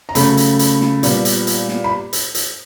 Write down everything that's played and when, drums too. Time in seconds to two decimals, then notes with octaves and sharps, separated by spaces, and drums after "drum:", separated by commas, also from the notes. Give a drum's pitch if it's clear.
0.09 A#5
0.15 C#3 F#3 A3 B5, drum: hi-hat
0.37 drum: hi-hat
0.59 drum: hi-hat
0.81 drum: snare
1.03 A#2 G3 B3, drum: hi-hat
1.25 drum: hi-hat
1.47 drum: hi-hat
1.69 drum: snare
1.84 B5
2.13 drum: hi-hat
2.35 drum: hi-hat